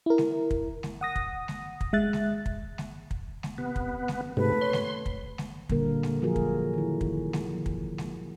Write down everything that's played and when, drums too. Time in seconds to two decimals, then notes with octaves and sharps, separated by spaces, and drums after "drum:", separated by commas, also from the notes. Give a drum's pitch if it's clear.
0.06 E4 A#4
0.18 drum: snare G#3
0.51 drum: kick
0.83 drum: snare G#3
1.01 F#5 D#6 A#6
1.16 drum: kick
1.48 drum: snare G#3
1.81 drum: kick
1.93 G#3 E5 F#6 A6
2.13 drum: snare G#3
2.46 drum: kick
2.78 drum: snare G#3
3.11 drum: kick
3.43 drum: snare G#3
3.58 C3 B3
3.76 drum: kick
4.08 drum: snare G#3
4.37 G#2 C3 A3 A4 B4
4.62 C#5 C6
4.73 drum: snare G#3
5.06 drum: kick
5.38 drum: snare G#3
5.69 A#2 D3 G3 A#3 A#4, drum: kick
6.03 drum: snare G#3
6.22 F3 F#3 F4 F#4 G#4 A#4
6.36 drum: kick
6.73 D#3 E4
7.01 drum: kick
7.33 drum: snare G#3
7.49 F3
7.66 drum: kick
7.98 drum: snare G#3